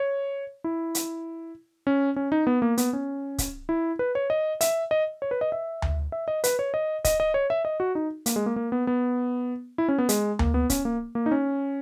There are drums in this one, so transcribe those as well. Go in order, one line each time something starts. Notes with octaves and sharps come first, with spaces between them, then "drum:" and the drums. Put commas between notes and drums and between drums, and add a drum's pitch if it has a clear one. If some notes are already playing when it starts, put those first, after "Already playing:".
Already playing: C#5
E4
drum: hi-hat
C#4
C#4
D#4
B3
A#3
B3, drum: hi-hat
C#4
drum: kick C#1, hi-hat
E4
B4
C#5
D#5
E5, drum: hi-hat
D#5
C#5
B4
D#5
E5
drum: tom D2
E5
D#5
B4, drum: hi-hat
C#5
D#5
D#5, drum: kick C#1, hi-hat
D#5
C#5
E5
D#5
F#4
D#4
A#3, drum: hi-hat
G#3
A#3
A#3
B3
B3
E4
C#4
B3
G#3, drum: hi-hat
A#3, drum: tom D2
B3
C#4, drum: kick C#1, hi-hat
A#3
A#3
D#4
C#4